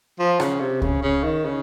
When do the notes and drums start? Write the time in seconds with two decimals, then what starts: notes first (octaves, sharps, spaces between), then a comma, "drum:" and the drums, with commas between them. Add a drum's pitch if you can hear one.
0.19 F3
0.40 C#3, drum: rim click
0.60 C3
0.82 C#3, drum: kick C#2
1.02 C#3
1.24 D#3
1.45 C#3